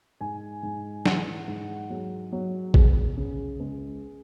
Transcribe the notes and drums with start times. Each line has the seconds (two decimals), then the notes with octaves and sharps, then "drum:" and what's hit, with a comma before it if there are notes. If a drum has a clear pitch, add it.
0.21 G#2 G#5
0.63 G#2
1.06 E3 F#5, drum: snare
1.48 G#2
1.90 F#3 G#4
2.32 F#3
2.74 E2 G#4, drum: kick
3.17 C#3
3.60 C#2